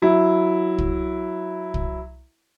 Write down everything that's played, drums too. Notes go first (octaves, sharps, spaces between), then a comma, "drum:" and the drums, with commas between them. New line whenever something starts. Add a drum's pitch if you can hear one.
F#3 E4
drum: kick
drum: kick